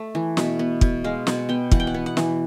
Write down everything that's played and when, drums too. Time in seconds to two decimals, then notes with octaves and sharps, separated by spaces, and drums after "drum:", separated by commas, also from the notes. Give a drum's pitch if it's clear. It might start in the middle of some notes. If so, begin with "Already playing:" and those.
Already playing: A3
0.15 E3
0.37 B2, drum: snare
0.59 B3
0.81 B2, drum: kick
1.04 G#3 F5
1.27 B2 F#5, drum: snare
1.49 B3 G5
1.71 E3 F#5, drum: kick
1.80 G5
1.87 F#5
1.94 B3
2.06 F#5
2.17 E3, drum: snare